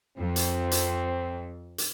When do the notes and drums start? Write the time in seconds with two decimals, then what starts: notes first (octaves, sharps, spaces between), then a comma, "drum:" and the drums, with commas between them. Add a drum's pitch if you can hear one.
0.18 F2 C4
0.36 drum: hi-hat
0.71 drum: hi-hat
1.78 drum: hi-hat